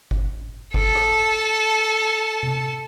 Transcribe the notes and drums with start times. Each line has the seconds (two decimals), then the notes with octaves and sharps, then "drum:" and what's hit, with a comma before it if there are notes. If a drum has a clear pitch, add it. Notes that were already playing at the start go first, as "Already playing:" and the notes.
0.11 drum: kick G1
0.74 A4 A5, drum: kick G1
0.95 drum: rim click
2.43 drum: tom C3